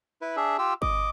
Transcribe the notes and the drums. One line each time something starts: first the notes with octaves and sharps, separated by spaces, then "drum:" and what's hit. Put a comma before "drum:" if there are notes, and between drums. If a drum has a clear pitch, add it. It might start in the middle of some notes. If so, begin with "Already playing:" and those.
E4 B4
D4 G#4 E5
F4 G4 E6
D#5 D6, drum: kick G1